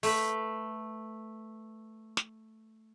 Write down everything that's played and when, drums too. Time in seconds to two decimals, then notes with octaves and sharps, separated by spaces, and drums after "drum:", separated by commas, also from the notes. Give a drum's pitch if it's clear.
0.03 A3 B4, drum: open hi-hat
2.17 drum: snare